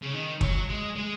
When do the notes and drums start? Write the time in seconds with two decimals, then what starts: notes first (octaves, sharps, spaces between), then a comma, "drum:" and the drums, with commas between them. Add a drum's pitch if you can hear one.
0.02 C#3
0.13 D#3
0.41 F#3, drum: kick
0.69 G#3
0.96 G#3